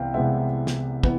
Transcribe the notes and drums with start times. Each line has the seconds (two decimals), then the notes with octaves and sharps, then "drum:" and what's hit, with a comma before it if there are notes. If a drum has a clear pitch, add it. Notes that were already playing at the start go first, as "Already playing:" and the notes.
Already playing: C2 C3 E3 B3 F5 G5
0.14 C2 C3 E3 G#3 B3 E5 F#5
0.67 drum: snare
1.04 E3 B3, drum: kick